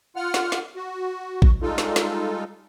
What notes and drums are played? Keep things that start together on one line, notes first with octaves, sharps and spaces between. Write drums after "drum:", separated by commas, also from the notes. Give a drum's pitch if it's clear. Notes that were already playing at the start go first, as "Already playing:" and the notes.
F4 F#5 F6
drum: snare
drum: snare
F#4
drum: kick
G3 G#3 D#4 F4 A4
drum: snare
drum: snare